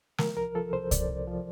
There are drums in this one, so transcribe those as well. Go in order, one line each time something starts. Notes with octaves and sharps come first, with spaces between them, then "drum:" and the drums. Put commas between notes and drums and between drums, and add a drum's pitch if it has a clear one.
F3 A#4, drum: snare
C2 A#4
F3 A4
C2 C5
C2 D5, drum: kick C2, hi-hat
C2
F3